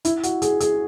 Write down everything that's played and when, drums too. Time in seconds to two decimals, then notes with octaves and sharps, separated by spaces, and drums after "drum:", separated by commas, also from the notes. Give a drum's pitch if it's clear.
0.05 E4, drum: hi-hat
0.23 F#4, drum: hi-hat
0.42 G#4, drum: hi-hat
0.60 G#4, drum: hi-hat